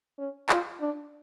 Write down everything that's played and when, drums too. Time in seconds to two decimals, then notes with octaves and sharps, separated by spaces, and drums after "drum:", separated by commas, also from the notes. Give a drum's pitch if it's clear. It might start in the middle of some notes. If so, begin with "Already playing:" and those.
0.18 C#4
0.49 F4, drum: clap
0.80 D4